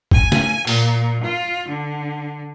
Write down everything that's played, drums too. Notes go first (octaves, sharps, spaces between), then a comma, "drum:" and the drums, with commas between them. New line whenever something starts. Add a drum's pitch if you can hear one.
G#5, drum: kick
drum: snare
A#2, drum: open hi-hat
F4
D3